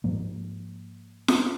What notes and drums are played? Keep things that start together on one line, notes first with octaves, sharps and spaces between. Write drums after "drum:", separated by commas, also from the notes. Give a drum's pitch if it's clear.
G#2 F3 A#3
drum: snare